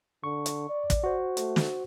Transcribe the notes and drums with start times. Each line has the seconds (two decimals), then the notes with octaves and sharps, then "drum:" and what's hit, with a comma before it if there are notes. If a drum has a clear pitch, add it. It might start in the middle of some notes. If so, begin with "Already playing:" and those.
0.24 D3 C#6
0.46 drum: hi-hat
0.70 D5
0.90 drum: kick, hi-hat
1.04 F#4 C5
1.37 A3, drum: hi-hat
1.56 drum: snare